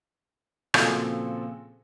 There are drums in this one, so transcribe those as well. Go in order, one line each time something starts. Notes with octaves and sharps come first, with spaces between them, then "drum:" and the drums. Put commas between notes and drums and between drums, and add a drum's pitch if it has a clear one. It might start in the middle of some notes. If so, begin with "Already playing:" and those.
A#2 C#3 F3 C4 F#4 A4, drum: rim click